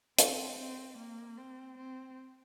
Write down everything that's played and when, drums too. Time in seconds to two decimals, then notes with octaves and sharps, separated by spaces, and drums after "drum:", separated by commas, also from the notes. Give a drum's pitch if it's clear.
0.18 C4, drum: hi-hat
0.58 C4
0.98 A#3
1.37 C4
1.78 C4